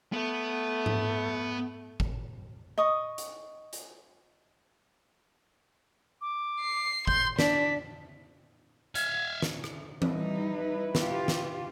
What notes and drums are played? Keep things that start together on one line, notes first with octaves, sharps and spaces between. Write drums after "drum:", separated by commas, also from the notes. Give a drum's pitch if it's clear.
A3 B3
drum: tom G#2
drum: kick
D#5 C#6 D#6
drum: hi-hat
drum: hi-hat
D6
C7
C6 G6, drum: kick
D4 B6, drum: snare
E5 F5 G#6, drum: hi-hat
drum: snare
drum: rim click
G3 D#4 E4 B4, drum: tom E3
F4 G4, drum: snare
drum: snare